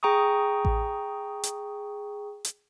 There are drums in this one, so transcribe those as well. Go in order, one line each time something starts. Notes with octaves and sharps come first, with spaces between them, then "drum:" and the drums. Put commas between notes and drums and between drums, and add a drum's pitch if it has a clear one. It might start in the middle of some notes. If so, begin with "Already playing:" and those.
G#4 G5 A#5 C#6 D#6
drum: kick A1
drum: hi-hat
drum: hi-hat